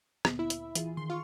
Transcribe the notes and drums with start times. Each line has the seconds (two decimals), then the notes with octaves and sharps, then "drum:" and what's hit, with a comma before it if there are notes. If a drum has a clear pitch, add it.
0.25 D2 A#2 B3, drum: rim click
0.39 E4 E5
0.50 drum: hi-hat
0.75 E3 F4 G#4, drum: hi-hat
0.97 D#3 C6
1.10 F4 C6 C#6 F6